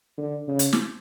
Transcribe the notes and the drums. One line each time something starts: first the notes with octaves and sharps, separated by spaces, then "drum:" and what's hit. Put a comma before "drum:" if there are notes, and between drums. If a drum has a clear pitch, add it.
D3
C#3
drum: hi-hat
drum: snare